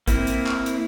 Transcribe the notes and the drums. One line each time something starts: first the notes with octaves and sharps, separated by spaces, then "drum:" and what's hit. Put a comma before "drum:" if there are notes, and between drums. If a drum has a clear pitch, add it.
A#3 C4 E4, drum: kick A1, hi-hat
drum: hi-hat
drum: clap
drum: hi-hat